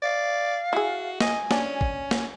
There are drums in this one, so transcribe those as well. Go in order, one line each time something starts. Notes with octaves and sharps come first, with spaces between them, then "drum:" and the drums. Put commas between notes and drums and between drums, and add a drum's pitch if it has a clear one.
D5 F5
E4 F#4 G#4
D#5 G#5, drum: snare
C#4 D4, drum: snare
drum: kick
drum: snare